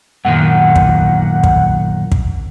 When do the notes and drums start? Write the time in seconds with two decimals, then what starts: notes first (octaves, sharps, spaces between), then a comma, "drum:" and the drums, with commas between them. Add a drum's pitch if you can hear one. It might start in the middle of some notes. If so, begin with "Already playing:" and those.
0.25 F#2 A#2 D#3 F#5
0.76 drum: kick
1.44 drum: kick
2.12 drum: kick